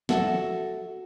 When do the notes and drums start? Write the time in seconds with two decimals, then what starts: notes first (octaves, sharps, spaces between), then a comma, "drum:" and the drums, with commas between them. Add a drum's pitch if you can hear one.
0.09 F#4 A4 E5, drum: snare